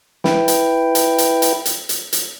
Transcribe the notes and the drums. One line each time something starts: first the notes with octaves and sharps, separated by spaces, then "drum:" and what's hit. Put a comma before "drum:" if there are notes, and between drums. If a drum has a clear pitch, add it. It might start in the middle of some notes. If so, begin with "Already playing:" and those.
E4 B4 G5, drum: snare
drum: hi-hat
drum: hi-hat
drum: hi-hat
drum: hi-hat
drum: hi-hat
drum: hi-hat
drum: hi-hat